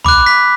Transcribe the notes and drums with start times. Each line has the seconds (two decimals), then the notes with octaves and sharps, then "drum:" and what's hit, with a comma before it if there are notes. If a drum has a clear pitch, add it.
0.05 B5 D6 F#6, drum: tom B1
0.26 B6